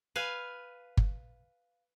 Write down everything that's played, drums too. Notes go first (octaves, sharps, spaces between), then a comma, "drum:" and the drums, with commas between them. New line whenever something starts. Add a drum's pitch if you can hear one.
B4 F5 G#5
drum: kick G1